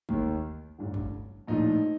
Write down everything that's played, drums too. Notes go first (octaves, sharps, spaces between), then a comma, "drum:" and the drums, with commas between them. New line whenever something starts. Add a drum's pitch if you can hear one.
D#2 D#3, drum: kick
A1 G2 D3
drum: kick
A#1 A2 F3 D#4